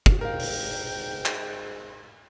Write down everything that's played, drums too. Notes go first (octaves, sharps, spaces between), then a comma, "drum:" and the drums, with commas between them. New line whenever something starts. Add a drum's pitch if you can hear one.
drum: kick
G#2 A#4 F5 G5
drum: open hi-hat
drum: clap